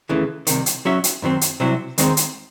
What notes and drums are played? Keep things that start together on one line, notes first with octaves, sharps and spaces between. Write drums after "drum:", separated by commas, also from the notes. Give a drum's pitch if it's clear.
D#2 C#3 E3 A3
C2 C3 D#3, drum: hi-hat
drum: hi-hat
F#3 C#4 F#4 C#5 E5
drum: hi-hat
F#2 D#3 F#3 C4
drum: hi-hat
C2 C3 F#3 C4 E4
D#2 D#3 G#3 C4 D#4, drum: hi-hat
drum: hi-hat